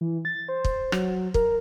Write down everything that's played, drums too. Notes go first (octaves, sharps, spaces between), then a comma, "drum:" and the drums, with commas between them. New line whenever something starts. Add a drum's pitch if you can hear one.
E3
A6
C5
drum: kick
F#3, drum: rim click
A#4, drum: kick